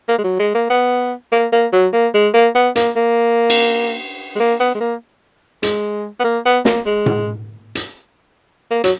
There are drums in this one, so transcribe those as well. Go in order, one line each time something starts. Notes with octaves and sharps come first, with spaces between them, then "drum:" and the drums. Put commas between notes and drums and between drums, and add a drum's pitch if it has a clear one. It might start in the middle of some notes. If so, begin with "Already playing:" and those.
A#3
G#3
F#3
G#3
A#3
B3
A#3
A#3
F#3
A#3
G#3
A#3
B3
A#3, drum: hi-hat
A#3
drum: cymbal
G#3
A#3
B3
G#3
A#3
G#3, drum: hi-hat
B3
A#3
B3
A#3, drum: snare
G#3
drum: tom A2
drum: hi-hat
A#3
F#3, drum: hi-hat